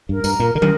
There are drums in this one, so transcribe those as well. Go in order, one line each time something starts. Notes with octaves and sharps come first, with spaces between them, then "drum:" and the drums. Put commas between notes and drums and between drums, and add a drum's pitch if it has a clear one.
G2 A#4
G2 A#5, drum: tambourine
A#2 A#4
D3 A#4
D#3, drum: tom